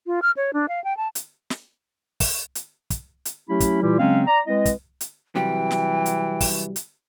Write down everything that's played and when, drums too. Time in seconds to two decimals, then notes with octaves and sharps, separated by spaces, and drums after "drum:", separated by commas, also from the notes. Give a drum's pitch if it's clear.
0.06 F4
0.22 F6
0.37 C#5
0.53 D4
0.68 F5
0.84 G5
0.97 A5
1.15 drum: hi-hat
1.50 drum: snare
2.20 drum: kick, open hi-hat
2.55 drum: hi-hat
2.90 drum: kick, hi-hat
3.25 drum: hi-hat
3.49 F#3 A3 C#4 E4 G4 B5
3.60 drum: kick, hi-hat
3.82 A#2 E3 G3 E4 F4 G4
3.99 C#3 F#3 G#3 C4 C#4 F5
4.27 D5 A#5
4.47 G#3 C4 E4 B4 D#5
4.65 drum: kick, hi-hat
5.01 drum: hi-hat
5.36 C3 E3 F#3 G3 G5
5.71 drum: snare
6.06 drum: hi-hat
6.41 drum: kick, open hi-hat
6.76 drum: hi-hat